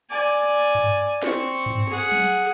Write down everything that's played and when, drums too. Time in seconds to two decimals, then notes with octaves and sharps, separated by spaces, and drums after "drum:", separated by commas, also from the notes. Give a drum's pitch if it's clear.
0.10 D5 G#5
0.75 drum: tom G2
1.22 C4 C#6, drum: snare
1.66 drum: tom G2
1.89 G#4 F#5
2.12 drum: tom F#3